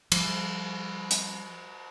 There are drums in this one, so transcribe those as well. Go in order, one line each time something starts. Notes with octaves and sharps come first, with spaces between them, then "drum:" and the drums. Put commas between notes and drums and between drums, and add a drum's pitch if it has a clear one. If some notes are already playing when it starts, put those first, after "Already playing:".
F3 G3, drum: cymbal
drum: hi-hat